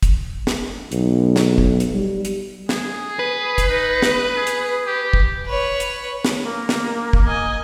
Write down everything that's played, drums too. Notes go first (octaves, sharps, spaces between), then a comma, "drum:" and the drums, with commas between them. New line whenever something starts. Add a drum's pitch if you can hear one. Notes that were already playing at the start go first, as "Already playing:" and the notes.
drum: kick, hi-hat
drum: snare
B1, drum: hi-hat
drum: snare
drum: kick
drum: hi-hat
G3
drum: hi-hat
G#4, drum: snare
B4
drum: kick, hi-hat
D#4
drum: snare
G#4
drum: hi-hat
G4
drum: kick
B4 C#5
drum: hi-hat
drum: snare
A#3
drum: snare
drum: kick
D#5 G#5